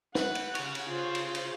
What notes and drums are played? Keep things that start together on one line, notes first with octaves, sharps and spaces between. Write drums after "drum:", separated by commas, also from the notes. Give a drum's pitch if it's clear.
B4 F#5, drum: snare
drum: cymbal
G#4 C#5, drum: cymbal
drum: cymbal
F4 C5
drum: cymbal
drum: cymbal